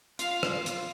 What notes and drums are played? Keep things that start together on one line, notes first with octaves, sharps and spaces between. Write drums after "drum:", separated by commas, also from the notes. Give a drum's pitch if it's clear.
F4 F5, drum: hi-hat
drum: rim click
drum: hi-hat